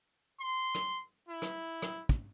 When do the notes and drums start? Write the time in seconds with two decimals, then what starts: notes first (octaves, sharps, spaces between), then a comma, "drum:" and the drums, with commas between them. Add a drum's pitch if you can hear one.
0.40 C6
0.75 drum: rim click
1.29 E4
1.42 drum: rim click
1.82 drum: rim click
2.09 drum: kick